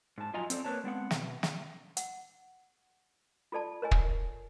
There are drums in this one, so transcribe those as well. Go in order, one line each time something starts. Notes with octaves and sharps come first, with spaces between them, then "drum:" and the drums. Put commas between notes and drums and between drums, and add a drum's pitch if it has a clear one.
G#2 A5
F2 F#3 F4 D#5 G#5 A#5
C4 A4 D5, drum: hi-hat
A#3 C4 B4 C#5 A5
G#3 B3 C4 F#5
B2, drum: snare
drum: snare
F#5, drum: hi-hat
F4 A4 D5 A5
A#4 C#5 D#5 G#5
drum: kick